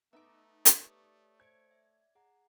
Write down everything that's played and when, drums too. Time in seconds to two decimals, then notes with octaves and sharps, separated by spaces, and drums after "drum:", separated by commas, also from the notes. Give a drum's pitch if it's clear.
0.13 A3 B3 D#4 E5 D6
0.65 drum: hi-hat
0.83 G4 B4 C#5 D5 D#6
1.40 C5 G#6 C#7 D7
1.71 E5
2.15 G#4 F#5 A#5